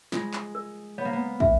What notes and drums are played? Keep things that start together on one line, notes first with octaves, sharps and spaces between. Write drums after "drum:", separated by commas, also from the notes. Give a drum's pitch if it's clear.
G#3 F4, drum: snare
drum: clap
A#4
B3 C#5
A#3
B3
E5, drum: kick